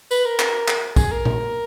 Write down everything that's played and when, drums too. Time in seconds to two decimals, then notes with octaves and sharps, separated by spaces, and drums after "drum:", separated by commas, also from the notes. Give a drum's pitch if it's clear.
0.11 B4, drum: tambourine
0.25 A#4
0.40 drum: clap
0.68 drum: clap
0.96 G#4, drum: kick, tambourine
1.11 A#4
1.25 drum: tom A#2